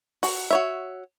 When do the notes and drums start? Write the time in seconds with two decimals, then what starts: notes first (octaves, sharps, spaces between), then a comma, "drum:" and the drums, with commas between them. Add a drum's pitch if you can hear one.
0.23 F#4, drum: open hi-hat
0.51 F#4 C#5 E5